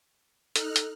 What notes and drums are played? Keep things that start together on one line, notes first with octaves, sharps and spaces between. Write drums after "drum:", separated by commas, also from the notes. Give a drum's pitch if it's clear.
D#4 A4 F6 F#6, drum: hi-hat
drum: hi-hat